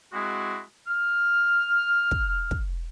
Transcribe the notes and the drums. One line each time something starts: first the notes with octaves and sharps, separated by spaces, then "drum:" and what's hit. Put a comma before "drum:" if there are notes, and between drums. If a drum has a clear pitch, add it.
G#3 C4 E4 F#4
F6
drum: kick
drum: kick